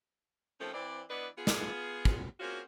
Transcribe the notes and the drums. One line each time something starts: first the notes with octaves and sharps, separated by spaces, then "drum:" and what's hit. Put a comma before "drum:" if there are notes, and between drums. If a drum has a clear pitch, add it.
D#2 F3 A3 C4 C#4 A4
E3 C4 D5
E3 B3 D4 B4 D5 D#5
B3 F4 G#4
drum: snare
drum: kick
A#3 C4 C#4 F4 F#4 G#4